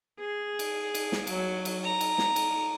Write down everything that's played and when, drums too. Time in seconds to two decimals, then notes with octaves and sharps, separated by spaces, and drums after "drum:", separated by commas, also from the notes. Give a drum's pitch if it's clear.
0.19 G#4
0.59 drum: cymbal
0.95 drum: cymbal
1.12 drum: snare
1.27 F#3, drum: cymbal
1.65 drum: cymbal
1.83 A#5
2.01 drum: cymbal
2.18 drum: snare
2.36 drum: cymbal